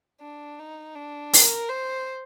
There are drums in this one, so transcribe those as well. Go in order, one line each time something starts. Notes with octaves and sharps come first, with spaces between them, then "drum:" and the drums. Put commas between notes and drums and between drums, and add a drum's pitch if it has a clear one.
D4
D#4
D4
A#4, drum: open hi-hat
C5